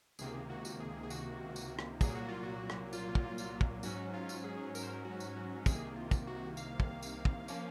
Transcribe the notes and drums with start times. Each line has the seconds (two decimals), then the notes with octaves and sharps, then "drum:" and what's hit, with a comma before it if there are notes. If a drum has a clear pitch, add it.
0.19 C#2 C3 D#3 A#3 G#4, drum: tambourine
0.50 F#4
0.65 drum: tambourine
0.80 G#4
1.03 G#4
1.10 F#4, drum: tambourine
1.56 drum: tambourine
1.79 drum: rim click
2.01 C2 A#2 F#3 A#3 G#4, drum: kick, tambourine
2.15 F#4
2.28 F4
2.43 F#4
2.70 drum: rim click
2.93 F4, drum: tambourine
3.15 drum: kick
3.38 drum: tambourine
3.61 drum: kick
3.83 G#2 F#3 C#4 F#4, drum: tambourine
4.14 F4
4.29 drum: tambourine
4.44 G#4
4.75 A#4, drum: tambourine
4.83 C5
4.89 A#4
5.05 F#4
5.20 drum: tambourine
5.36 F#4
5.66 C2 C3 D#3 A#3 G#4, drum: kick, tambourine
5.96 F4
6.11 drum: kick, tambourine
6.27 F#4
6.57 F5, drum: tambourine
6.80 drum: kick
7.02 drum: tambourine
7.25 drum: kick
7.48 F3 A#3 C#4, drum: tambourine